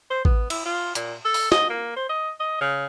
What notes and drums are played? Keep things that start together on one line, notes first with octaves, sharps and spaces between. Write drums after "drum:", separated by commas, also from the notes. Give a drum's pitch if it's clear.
C5
B3, drum: kick
E4, drum: cymbal
F4
A#2, drum: hi-hat
A4
drum: open hi-hat
D#5, drum: snare
A#3
C5
D#5
D#5
C#3